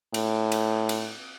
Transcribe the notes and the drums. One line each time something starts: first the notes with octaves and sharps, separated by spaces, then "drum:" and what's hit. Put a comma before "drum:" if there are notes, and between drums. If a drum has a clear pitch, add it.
A2, drum: cymbal
drum: cymbal
drum: cymbal